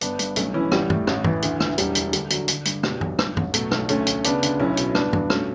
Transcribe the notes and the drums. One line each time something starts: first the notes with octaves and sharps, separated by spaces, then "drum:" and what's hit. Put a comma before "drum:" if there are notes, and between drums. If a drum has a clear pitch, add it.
G1 B3 D4, drum: hi-hat
G2, drum: hi-hat
B1 A3 C#4, drum: hi-hat
E3 C#4 E4
A1 G3, drum: rim click
A2, drum: tom G2
A1, drum: rim click
E3, drum: tom G2
D2, drum: hi-hat
E3, drum: rim click
E1 G3, drum: hi-hat
D2, drum: hi-hat
D3 G3, drum: hi-hat
D3 F#3, drum: hi-hat
D3, drum: hi-hat
G2, drum: hi-hat
B2 G3, drum: rim click
B1, drum: tom G2
G2, drum: rim click
A1, drum: tom G2
B2 F#3 A3, drum: hi-hat
B1, drum: rim click
D2 A3 C#4, drum: hi-hat
D2, drum: hi-hat
C#3 B3 D4, drum: hi-hat
D2, drum: hi-hat
B1 C#4 E4
B2, drum: hi-hat
G2 B3 D4, drum: rim click
G2, drum: tom G2
B2 A3 C#4, drum: rim click